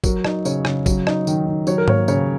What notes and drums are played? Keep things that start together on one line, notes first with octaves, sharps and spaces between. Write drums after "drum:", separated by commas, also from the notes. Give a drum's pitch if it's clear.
F#3 A#4, drum: kick, tambourine
D#4, drum: rim click
C#3 C#5, drum: tambourine
C#3, drum: rim click
F#3, drum: kick, tambourine
D#4, drum: rim click
D#3, drum: tambourine
D#3
F#3 C#5, drum: tambourine
A#4
A#3 C#5, drum: tom G#2
C#3 C#5, drum: tambourine